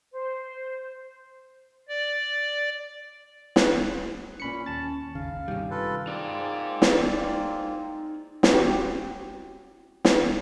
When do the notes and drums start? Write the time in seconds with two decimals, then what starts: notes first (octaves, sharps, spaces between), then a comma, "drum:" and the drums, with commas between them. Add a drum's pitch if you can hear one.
0.12 C5
1.88 D5
3.56 F#6, drum: snare
4.40 A#2 C#4 B5 C#7
4.66 D#2 A5 A6
5.15 G#1 D#2 C#3 F5
5.48 G2 C3 D#3 G3 C#4
5.71 F4 A4 B4
6.07 A#3 C4 D#4 F4 G#4 D5 A#5
6.82 drum: snare
8.43 drum: snare
8.53 C4 C#4 F#4 G4
10.05 drum: snare